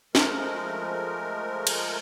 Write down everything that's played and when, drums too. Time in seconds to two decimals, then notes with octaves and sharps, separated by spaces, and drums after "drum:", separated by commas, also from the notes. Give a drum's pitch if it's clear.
0.15 F3 G#3 A3 A#4, drum: snare
1.67 drum: cymbal